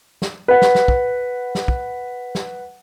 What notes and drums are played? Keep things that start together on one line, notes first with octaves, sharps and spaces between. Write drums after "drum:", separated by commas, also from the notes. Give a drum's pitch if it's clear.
drum: snare
B4 F#5
drum: snare
drum: snare
drum: kick
drum: snare
drum: kick
drum: snare